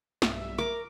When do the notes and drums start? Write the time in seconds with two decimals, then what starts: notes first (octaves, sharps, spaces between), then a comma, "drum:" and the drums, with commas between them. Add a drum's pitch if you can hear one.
0.22 B1 G2 E5, drum: snare
0.58 A#4 D6